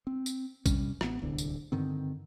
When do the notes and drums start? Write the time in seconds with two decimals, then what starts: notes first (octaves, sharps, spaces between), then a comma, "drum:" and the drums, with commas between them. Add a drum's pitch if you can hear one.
0.07 C4
0.26 drum: tambourine
0.66 C3 D#3 G3 C#4, drum: kick, tambourine
1.01 A1 B3, drum: rim click
1.22 D1 C2 D3
1.38 drum: tambourine
1.72 G2 D3 D#3 C4